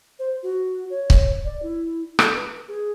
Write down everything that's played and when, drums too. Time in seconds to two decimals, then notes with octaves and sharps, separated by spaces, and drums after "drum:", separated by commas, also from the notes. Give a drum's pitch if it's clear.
0.19 C5
0.43 F#4
0.90 C#5
1.10 drum: kick C#1
1.45 D5
1.63 E4
2.19 A4, drum: rim click
2.36 B4
2.68 G#4